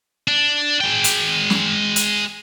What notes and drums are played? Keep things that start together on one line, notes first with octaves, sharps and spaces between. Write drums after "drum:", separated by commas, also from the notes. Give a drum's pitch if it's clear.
D4
G#3 G5
drum: hi-hat
drum: snare
drum: hi-hat